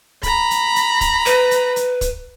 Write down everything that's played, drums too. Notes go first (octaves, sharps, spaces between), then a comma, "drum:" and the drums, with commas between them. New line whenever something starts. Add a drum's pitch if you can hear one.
A#5 B5, drum: kick, hi-hat
drum: hi-hat
drum: hi-hat
drum: kick, hi-hat
B4, drum: hi-hat
drum: hi-hat
drum: hi-hat
drum: kick, hi-hat